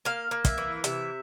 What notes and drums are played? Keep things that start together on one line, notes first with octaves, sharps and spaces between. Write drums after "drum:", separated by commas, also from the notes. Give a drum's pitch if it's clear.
A#3 F5
A#3
E5, drum: kick, hi-hat
E3
C3 E5, drum: hi-hat